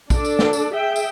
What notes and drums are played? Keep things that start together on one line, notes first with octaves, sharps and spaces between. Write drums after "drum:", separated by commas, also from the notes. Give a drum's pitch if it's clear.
D4 A4 D5, drum: kick A#1, tambourine
drum: tambourine
drum: snare
drum: tambourine
G#4 E5 G5
drum: tambourine